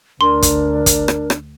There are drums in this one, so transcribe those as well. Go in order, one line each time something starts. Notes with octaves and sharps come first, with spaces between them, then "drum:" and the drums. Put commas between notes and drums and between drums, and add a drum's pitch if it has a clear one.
D2 D4 A#4 C6
drum: kick, hi-hat
drum: kick, hi-hat
drum: rim click
drum: rim click